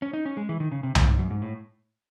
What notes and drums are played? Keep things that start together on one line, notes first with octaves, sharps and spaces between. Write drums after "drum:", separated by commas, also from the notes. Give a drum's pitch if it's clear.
C#4
D#4
C#4
G#3
E3
D#3
C#3
C3
A2, drum: tom C2
G#2
F#2
G#2
A2